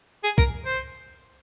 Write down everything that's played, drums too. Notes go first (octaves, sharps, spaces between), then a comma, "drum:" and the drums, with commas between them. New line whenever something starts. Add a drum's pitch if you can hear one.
G#4
A#4, drum: kick
C5